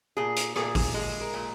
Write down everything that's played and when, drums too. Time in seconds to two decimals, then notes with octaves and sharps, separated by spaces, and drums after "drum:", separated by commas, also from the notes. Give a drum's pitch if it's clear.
0.17 A#2 G#4
0.36 drum: hi-hat
0.56 A#2 G#4, drum: rim click
0.75 drum: kick, open hi-hat
0.94 G#3 G#4
1.21 A#4
1.34 A#2